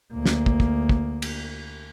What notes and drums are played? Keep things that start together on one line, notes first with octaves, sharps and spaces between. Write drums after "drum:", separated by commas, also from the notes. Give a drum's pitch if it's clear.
D2 A#3
drum: snare
drum: kick
drum: kick
drum: kick
drum: cymbal